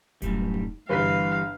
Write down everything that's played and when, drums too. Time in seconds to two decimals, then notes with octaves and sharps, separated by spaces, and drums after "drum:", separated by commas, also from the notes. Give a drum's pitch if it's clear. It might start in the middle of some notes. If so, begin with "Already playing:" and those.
0.22 F#2 A2 G3, drum: kick D#1, hi-hat
0.54 drum: tom D#4
0.89 G1 E3 G3 B4 F5 B6